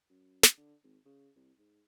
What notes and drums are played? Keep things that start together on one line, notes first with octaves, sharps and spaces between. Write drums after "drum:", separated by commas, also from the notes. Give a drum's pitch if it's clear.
F#2
drum: snare
D3
G#1
C#3
C2
G#2